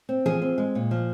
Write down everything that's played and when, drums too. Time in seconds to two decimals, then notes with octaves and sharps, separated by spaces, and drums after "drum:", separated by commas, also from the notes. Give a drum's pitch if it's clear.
0.09 C4
0.26 F3 G#4, drum: tom E3
0.42 C4
0.58 G#3
0.75 A#2
0.91 F3